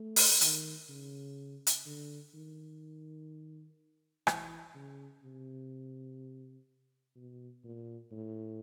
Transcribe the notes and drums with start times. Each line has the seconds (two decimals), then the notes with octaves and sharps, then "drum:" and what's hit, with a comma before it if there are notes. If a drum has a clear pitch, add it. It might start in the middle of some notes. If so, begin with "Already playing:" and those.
Already playing: A3
0.16 drum: open hi-hat
0.41 D#3, drum: hi-hat
0.89 C#3
1.67 drum: hi-hat
1.86 D3
2.34 D#3
4.27 E3, drum: rim click
4.75 C#3
5.23 C3
7.16 B2
7.64 A#2
8.12 A2